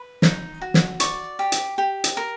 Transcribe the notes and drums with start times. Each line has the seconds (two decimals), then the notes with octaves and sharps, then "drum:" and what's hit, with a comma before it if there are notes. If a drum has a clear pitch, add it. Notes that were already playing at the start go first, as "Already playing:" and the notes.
Already playing: B4
0.22 D#4, drum: snare
0.61 F#4
0.74 drum: snare
1.00 D5 C#6, drum: hi-hat
1.39 G4
1.52 drum: hi-hat
1.78 G4
2.04 drum: hi-hat
2.17 A#4